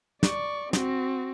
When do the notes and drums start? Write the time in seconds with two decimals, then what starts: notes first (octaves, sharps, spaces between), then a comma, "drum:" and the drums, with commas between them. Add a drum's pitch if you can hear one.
0.23 D5 C#6, drum: snare
0.73 C4 F#4, drum: snare